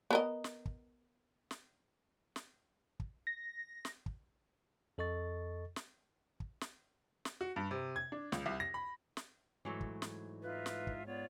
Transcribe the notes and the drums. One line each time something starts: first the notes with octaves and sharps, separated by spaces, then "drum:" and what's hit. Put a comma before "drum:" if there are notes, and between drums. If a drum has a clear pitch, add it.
B3 A#4 D#5
drum: snare
drum: kick
drum: snare
drum: snare
drum: kick
A#6
drum: snare
drum: kick
F2 A4 D#5 C#6 A6
drum: snare
drum: kick
drum: snare
drum: snare
F#4
G2
C3
G#6
D4
C#2, drum: snare
C2
A#6
B5
drum: snare
G#2 E3 F#3 A3
drum: kick
drum: snare
D#4 F4 B4 E5
drum: snare
drum: kick
B3 F4 C#5 D5